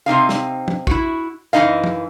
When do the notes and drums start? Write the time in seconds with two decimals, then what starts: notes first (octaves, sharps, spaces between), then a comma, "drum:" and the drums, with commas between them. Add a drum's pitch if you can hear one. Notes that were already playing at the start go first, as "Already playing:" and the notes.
0.06 C3 C4 D#4 F5
0.29 drum: snare
0.68 drum: tom
0.87 E4 F#4, drum: kick A#1
1.53 F#2 E3 G#3 D#4 D#5 F5
1.84 drum: tom